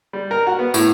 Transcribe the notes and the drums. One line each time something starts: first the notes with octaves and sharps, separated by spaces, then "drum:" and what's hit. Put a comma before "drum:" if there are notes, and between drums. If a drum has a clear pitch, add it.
G3
A#4
F#4
B3
A2, drum: tambourine